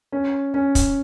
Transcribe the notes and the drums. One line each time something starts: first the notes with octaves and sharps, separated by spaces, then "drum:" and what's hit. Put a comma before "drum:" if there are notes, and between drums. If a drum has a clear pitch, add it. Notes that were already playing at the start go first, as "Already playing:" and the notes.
C#4
C#4
drum: kick, hi-hat